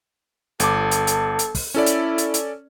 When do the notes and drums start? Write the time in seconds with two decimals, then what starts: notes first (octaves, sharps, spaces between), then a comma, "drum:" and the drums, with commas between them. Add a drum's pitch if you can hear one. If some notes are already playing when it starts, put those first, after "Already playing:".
0.60 G1 A4 D6, drum: hi-hat
0.91 drum: hi-hat
1.07 drum: hi-hat
1.39 drum: hi-hat
1.55 drum: kick, open hi-hat
1.74 C#4 E4 A4 D5
1.86 drum: hi-hat
2.18 drum: hi-hat
2.34 drum: hi-hat